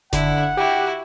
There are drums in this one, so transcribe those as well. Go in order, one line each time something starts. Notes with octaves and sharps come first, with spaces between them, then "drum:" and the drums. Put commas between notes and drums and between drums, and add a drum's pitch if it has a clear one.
D3 E4 F#5, drum: snare F#1
E4 F#4 G4